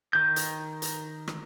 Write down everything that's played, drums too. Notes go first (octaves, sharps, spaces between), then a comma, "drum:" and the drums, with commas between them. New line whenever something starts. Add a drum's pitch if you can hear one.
D#3 G6
drum: hi-hat
drum: hi-hat
drum: rim click